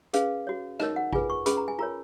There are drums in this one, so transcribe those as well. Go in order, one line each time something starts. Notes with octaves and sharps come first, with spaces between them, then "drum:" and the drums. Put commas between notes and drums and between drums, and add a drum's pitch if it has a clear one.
C#4 G#4 B4 F5, drum: hi-hat
F#4 C#5
D#4 A#4 C#5 D#5, drum: rim click
F#5
F4 G#4 B4 G#5, drum: kick G#1
C#6
C#4 G#4 B4 B5, drum: hi-hat
A#5
G#5
F4 A#4 C#5 A#5